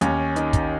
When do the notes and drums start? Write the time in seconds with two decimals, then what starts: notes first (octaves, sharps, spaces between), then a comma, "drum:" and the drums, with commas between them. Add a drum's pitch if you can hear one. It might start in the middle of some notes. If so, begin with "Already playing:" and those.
0.01 D#2 C#4, drum: hi-hat
0.36 D#3, drum: hi-hat
0.53 drum: kick, hi-hat